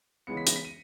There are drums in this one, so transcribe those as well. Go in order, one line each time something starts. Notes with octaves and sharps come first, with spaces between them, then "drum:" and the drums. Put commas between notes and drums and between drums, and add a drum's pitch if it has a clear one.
C#3 E3 G#3 B3 C#7
B6
A#6, drum: hi-hat
B6
D#7